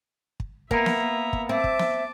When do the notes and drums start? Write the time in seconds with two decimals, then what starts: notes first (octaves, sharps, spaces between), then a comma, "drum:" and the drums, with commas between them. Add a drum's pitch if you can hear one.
0.40 drum: kick
0.71 A#3 B3 A#4 E5 A#5, drum: kick
0.86 drum: snare
1.33 drum: kick
1.49 C4 E5 A5 D6
1.64 drum: kick
1.79 drum: snare